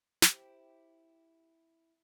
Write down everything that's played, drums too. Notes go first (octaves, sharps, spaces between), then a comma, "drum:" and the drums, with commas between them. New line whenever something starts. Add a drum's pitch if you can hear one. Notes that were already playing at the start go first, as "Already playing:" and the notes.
C4 E4 G4, drum: snare